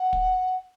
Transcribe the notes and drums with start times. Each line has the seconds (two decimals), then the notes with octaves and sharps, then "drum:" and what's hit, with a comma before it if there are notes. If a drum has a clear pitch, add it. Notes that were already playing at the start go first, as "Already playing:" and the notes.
Already playing: F#5
0.13 drum: kick